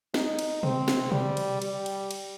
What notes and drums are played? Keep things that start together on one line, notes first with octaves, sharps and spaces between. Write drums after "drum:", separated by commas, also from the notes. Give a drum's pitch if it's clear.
D#4, drum: snare
drum: cymbal
C4, drum: tom B2
drum: snare
G3, drum: tom B2
drum: cymbal
G3, drum: cymbal
drum: cymbal
drum: cymbal